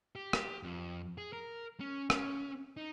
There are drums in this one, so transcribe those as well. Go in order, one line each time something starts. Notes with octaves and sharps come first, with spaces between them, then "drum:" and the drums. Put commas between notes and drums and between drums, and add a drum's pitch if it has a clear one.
G4
drum: rim click
F2
G#4
A#4
C#4
C#4, drum: rim click
D#4